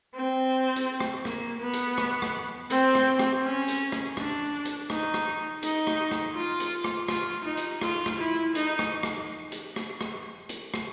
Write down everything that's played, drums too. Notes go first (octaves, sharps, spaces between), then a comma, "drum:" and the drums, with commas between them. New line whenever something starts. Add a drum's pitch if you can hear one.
C4
drum: hi-hat
drum: rim click
A#3, drum: rim click
B3
drum: hi-hat
drum: rim click
drum: rim click
C4, drum: hi-hat
drum: rim click
drum: rim click
C#4
drum: hi-hat
drum: rim click
D4, drum: rim click
drum: hi-hat
D#4, drum: rim click
drum: rim click
D#4, drum: hi-hat
drum: rim click
drum: rim click
F4
drum: hi-hat
drum: rim click
F4, drum: rim click
D#4
drum: hi-hat
F4, drum: rim click
drum: rim click
E4
D#4, drum: hi-hat
drum: rim click
drum: rim click
drum: hi-hat
drum: rim click
drum: rim click
drum: hi-hat
drum: rim click